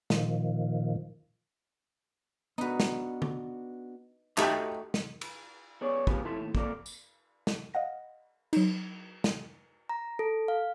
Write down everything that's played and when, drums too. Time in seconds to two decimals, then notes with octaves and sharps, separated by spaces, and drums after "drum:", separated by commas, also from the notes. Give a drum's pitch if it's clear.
0.10 A#2 D#3 F3, drum: snare
2.58 B3 D4 D#4 F#4 B4
2.80 drum: snare
3.22 drum: tom D3
4.38 A3 D#4 F#4 G4 G5 B5, drum: clap
4.94 drum: snare
5.21 drum: cymbal
5.81 B3 G#4 C#5 D5
6.07 C3 A#3 F4 G4 G#4 B4, drum: kick
6.24 F2 A2 E4 A4 E5 C6
6.38 D#2 A2
6.55 F2 A#3 A4 A#4 D5, drum: kick
6.86 drum: tambourine
7.47 drum: snare
7.74 D#5 F5 F#5 A#6
8.53 F#3 D#4, drum: cymbal
9.24 drum: snare
9.89 A#5
10.19 A4
10.48 F5